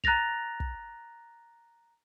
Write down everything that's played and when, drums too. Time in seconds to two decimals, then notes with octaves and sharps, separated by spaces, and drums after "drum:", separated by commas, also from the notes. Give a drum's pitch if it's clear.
0.04 A#5 F#6 A6 A#6 F7, drum: kick
0.60 drum: kick